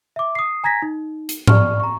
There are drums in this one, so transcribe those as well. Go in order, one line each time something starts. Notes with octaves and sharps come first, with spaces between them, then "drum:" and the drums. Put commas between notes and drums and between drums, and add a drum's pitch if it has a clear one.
E5 D6
D#6 C7
G#5 A#5 G#6 A#6 B6
D#4
drum: hi-hat
D5 C#6 F6, drum: tom G#2
A#5 C#6